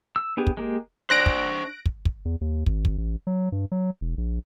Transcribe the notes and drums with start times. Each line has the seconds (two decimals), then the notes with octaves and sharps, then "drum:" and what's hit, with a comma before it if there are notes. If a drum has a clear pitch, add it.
0.16 E6
0.37 B3 D4 G4 G#4
0.47 drum: kick
0.57 G#3 A#3 G4
1.10 D4 C5 F#6 A#6 D7
1.26 drum: kick
1.86 drum: kick
2.05 drum: kick
2.25 E2
2.41 D#2
2.66 G#1, drum: kick
2.85 drum: kick
2.98 A1
3.27 F#3
3.52 G2
3.72 F#3
4.01 E1
4.18 A#1